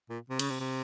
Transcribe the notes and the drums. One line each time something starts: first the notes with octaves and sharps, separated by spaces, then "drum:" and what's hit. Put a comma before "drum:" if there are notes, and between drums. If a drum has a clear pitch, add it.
A#2
C3
C#3, drum: cymbal
C3
C3